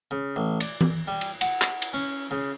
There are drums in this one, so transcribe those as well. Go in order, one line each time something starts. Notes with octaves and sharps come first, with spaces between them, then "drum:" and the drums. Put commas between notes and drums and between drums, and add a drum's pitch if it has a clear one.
C#3
A1
D5, drum: cymbal
drum: tom E3
G3
drum: cymbal
F#5, drum: cymbal
drum: clap
drum: cymbal
C#4
C#3